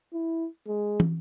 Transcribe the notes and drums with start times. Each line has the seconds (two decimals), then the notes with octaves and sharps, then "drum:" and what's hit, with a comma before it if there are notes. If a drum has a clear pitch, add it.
0.14 E4
0.67 G#3
1.00 drum: tom